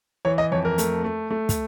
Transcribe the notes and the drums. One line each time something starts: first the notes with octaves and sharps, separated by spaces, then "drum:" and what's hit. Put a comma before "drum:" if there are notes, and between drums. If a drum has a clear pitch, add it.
E3 C#5
D#5
F2 C#5
A#4
A3, drum: hi-hat
A3
A3
drum: kick, hi-hat